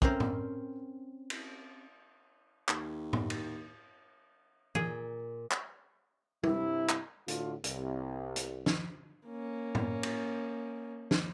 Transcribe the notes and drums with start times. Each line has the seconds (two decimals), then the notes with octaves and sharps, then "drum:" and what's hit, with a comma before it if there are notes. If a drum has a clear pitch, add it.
0.02 C4 C#4 A#4 C5, drum: kick
0.20 drum: tom
1.30 drum: cymbal
2.69 D#2, drum: clap
3.13 drum: tom
3.30 drum: cymbal
4.75 A#2 G#4, drum: tom
5.51 drum: clap
6.44 G2 C3 E4, drum: tom
6.89 drum: clap
7.28 A2 D3 F4 F#4, drum: hi-hat
7.64 C2, drum: hi-hat
8.36 drum: hi-hat
8.66 drum: snare
9.27 A#3 C#4
9.75 drum: tom
10.03 drum: cymbal
11.11 drum: snare